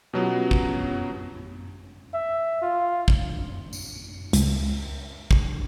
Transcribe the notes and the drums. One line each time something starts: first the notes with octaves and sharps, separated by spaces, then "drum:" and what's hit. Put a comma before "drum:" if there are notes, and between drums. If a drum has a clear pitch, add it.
B2 F#3 B3 C#4 F4 G4
drum: kick
E5
F4
drum: kick
drum: tambourine
C#2, drum: hi-hat
drum: kick